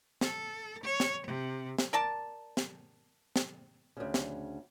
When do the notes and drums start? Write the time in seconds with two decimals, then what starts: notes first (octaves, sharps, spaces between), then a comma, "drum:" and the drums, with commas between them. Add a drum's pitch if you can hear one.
0.21 A4, drum: snare
0.83 C#5
1.00 drum: snare
1.26 C3
1.78 drum: snare
1.93 A#4 D5 A5
2.57 drum: snare
3.36 drum: snare
3.97 D2 C#3
4.14 drum: snare